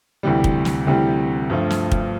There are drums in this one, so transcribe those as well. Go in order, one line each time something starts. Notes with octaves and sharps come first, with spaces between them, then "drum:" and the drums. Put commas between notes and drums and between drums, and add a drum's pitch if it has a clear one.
D2 C3 E3 G3
drum: kick
drum: snare
D2 C3 E3 G3
G2 F3 A3
drum: snare
drum: kick